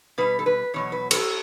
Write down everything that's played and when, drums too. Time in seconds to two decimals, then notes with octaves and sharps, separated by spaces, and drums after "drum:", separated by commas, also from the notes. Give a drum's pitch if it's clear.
0.18 B2 G3 B4
0.39 A4
0.46 B4
0.74 E2 B2 F#3 C#5
0.92 B4
1.11 A4, drum: cymbal